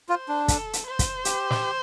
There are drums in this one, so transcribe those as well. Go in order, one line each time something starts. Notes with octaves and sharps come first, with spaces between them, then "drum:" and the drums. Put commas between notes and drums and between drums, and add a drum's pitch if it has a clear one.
F4 C5
D4
A4, drum: kick, hi-hat
drum: hi-hat
C5
drum: kick, hi-hat
G4, drum: hi-hat
drum: snare